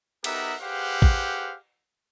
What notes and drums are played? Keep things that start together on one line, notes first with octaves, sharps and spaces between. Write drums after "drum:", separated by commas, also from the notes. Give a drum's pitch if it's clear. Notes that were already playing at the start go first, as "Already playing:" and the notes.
B3 D#4 G4 A#4 E5 F#5, drum: cymbal
G4 G#4 B4 C5 F5 F#5
drum: kick A1